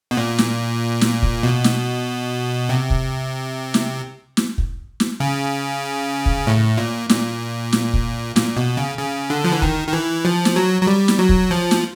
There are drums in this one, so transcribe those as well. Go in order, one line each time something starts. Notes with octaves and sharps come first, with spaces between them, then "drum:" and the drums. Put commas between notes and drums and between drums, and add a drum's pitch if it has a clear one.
B2
A#2
drum: snare
drum: snare
drum: kick
B2
drum: snare
C3
drum: kick
drum: snare
drum: snare
drum: kick
drum: snare
C#3
drum: kick
A2
A#2
A#2, drum: snare
drum: snare
drum: kick
A#2, drum: snare
B2
C#3
C#3
D3
F3
E3
D#3, drum: kick
D#3
E3
F3
drum: snare
F#3
F#3
G3
drum: snare
F#3
drum: kick
F3
drum: snare